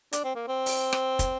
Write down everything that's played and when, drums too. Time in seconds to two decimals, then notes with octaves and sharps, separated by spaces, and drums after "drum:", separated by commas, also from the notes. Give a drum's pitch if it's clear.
0.13 D4, drum: hi-hat
0.24 C4
0.35 A#3
0.48 C4
0.66 drum: open hi-hat
0.93 drum: rim click
1.19 drum: kick, hi-hat